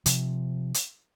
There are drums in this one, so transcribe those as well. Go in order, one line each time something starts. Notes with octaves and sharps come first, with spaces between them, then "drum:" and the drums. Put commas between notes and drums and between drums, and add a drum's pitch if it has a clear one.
C3 F3, drum: hi-hat
drum: hi-hat